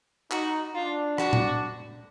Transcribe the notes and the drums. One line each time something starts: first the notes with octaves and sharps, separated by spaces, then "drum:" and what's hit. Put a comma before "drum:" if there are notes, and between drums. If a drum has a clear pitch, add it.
D#4 F#4, drum: clap
D4 F4
F#4, drum: rim click
drum: tom A#2